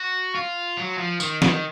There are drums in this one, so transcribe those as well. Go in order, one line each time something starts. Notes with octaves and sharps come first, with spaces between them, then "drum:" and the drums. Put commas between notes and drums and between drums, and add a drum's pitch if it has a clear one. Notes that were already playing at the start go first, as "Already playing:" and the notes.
Already playing: F#4
F4
F#3
F3
D#3, drum: tambourine
D#3, drum: snare